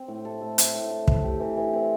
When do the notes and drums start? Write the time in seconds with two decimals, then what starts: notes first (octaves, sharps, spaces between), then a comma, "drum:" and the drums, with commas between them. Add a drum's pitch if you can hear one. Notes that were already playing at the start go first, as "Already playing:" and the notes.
Already playing: C4
0.08 A2
0.25 A4
0.41 A3
0.58 C4, drum: hi-hat
0.74 A2
0.91 A4
1.08 A3, drum: kick
1.24 G4
1.40 E3
1.57 E3
1.73 C4